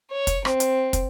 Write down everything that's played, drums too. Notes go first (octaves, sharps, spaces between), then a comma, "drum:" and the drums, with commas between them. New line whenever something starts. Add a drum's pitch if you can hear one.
C#5
drum: kick, hi-hat
C4, drum: rim click
drum: hi-hat
drum: kick, hi-hat